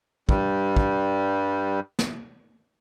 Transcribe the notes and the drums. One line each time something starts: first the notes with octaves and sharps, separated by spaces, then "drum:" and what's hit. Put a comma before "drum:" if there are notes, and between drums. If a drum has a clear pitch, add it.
G2 G3, drum: kick
drum: kick
drum: snare